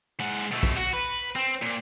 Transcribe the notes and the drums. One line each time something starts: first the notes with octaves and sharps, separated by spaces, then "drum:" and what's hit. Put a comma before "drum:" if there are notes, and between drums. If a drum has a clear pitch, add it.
G#3 F#5
B2 A3
drum: kick
F#4, drum: hi-hat
B4
C4
A#2